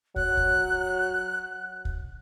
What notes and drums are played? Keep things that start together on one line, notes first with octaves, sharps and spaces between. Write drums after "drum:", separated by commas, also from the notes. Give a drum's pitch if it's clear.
F#3 F#6, drum: kick
drum: kick
drum: kick